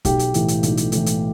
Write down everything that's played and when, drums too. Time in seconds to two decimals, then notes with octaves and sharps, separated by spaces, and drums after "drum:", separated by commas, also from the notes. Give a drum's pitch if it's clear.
0.05 B1 G4, drum: kick, hi-hat
0.19 drum: hi-hat
0.34 A2 E3, drum: hi-hat
0.48 drum: hi-hat
0.63 B1, drum: hi-hat
0.77 drum: hi-hat
0.92 A2 E3, drum: hi-hat
1.06 drum: hi-hat